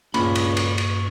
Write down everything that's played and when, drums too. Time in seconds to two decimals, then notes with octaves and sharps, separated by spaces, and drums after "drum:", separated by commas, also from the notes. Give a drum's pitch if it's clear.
0.14 C#2 G2 A#2 B5 C#6, drum: cymbal
0.35 drum: cymbal
0.57 drum: cymbal
0.78 drum: cymbal